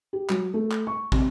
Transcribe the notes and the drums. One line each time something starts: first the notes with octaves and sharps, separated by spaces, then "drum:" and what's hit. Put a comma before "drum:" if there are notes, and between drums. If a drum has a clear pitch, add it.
G4
F#3, drum: clap
A3
drum: clap
C#6
C3, drum: kick